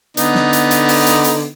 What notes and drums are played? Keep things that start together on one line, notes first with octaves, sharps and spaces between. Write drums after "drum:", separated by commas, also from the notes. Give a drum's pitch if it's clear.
D3 B3 D#4, drum: hi-hat
drum: snare
drum: hi-hat
drum: hi-hat
drum: open hi-hat
drum: hi-hat
drum: hi-hat